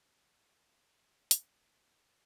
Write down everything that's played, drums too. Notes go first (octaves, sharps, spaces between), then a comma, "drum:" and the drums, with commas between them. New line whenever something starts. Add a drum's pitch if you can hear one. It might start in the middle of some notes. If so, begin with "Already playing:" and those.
C#5 C6 F6 C7
drum: hi-hat